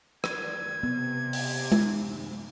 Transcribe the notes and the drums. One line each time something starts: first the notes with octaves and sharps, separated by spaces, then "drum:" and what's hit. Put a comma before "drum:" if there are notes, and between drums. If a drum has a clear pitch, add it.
G#6, drum: rim click
C3 B3
drum: open hi-hat
drum: tom G#3